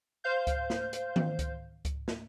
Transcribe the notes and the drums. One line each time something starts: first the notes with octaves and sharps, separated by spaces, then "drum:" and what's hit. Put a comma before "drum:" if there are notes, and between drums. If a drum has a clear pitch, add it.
C5 F5 G6
drum: kick C#2, hi-hat
drum: snare
drum: hi-hat
drum: tom D#3
drum: kick C#2, hi-hat
drum: kick C#2, hi-hat
drum: snare